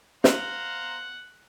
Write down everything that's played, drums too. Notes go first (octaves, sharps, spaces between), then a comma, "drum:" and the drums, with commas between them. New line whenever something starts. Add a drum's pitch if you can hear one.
C5 F5 F#5 A#5, drum: snare